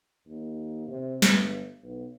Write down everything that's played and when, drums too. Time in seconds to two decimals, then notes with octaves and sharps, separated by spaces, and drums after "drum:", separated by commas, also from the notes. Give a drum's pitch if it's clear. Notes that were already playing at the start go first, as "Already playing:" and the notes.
0.27 D#2
0.87 C3
1.22 G1, drum: snare
1.83 B1